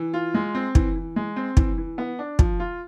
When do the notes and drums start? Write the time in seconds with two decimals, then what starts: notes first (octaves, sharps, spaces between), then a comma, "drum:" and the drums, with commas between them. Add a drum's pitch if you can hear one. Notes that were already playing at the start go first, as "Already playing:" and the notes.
Already playing: E3
0.13 F4
0.34 G#3
0.55 C4
0.75 E3, drum: kick
0.96 E3
1.16 G#3
1.36 C4
1.57 E3, drum: kick
1.78 E3
1.98 B3
2.19 D4
2.39 F3, drum: kick
2.60 F4